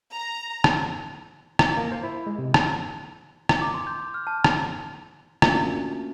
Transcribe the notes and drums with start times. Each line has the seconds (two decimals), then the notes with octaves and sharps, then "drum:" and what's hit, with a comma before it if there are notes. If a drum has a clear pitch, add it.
0.13 A#5
0.64 drum: rim click
1.59 drum: rim click
1.77 A#3
1.92 C5
2.04 E4
2.27 G#3
2.39 C3
2.54 drum: rim click
3.49 drum: rim click
3.62 D6
3.74 C6
3.87 G6
4.14 F6
4.27 A5
4.44 drum: rim click
5.42 A3 A#3 C#4 D4 F4 F#4, drum: rim click